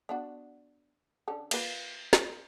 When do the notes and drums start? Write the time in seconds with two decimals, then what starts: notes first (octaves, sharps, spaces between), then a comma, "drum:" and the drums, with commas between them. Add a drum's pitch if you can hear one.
0.09 B3 D4 F#4
1.28 D3 C#4 A4
1.51 A#3 F4 B4, drum: cymbal
2.13 drum: snare